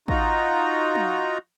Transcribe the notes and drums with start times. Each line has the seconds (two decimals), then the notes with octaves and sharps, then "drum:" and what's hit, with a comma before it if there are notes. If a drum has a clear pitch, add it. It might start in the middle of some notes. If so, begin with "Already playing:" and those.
0.08 D#4 F4 F#4 A#5, drum: kick
0.95 drum: tom